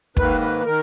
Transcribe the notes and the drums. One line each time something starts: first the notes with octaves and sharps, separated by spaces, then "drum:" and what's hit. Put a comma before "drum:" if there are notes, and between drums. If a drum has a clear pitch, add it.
G#2 D#3 A#3 B4, drum: kick
B4
D#3 A#4